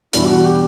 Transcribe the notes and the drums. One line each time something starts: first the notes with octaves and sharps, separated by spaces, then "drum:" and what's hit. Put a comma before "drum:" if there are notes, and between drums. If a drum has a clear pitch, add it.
E2 B2 G3 D4 E4, drum: hi-hat
G4
F#4
G4